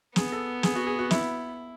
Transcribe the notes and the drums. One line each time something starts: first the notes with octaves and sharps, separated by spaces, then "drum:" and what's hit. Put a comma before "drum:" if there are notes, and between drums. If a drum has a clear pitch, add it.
B3 G#4, drum: snare
A4
G#4, drum: snare
F#4
G#4
F#4
E4, drum: snare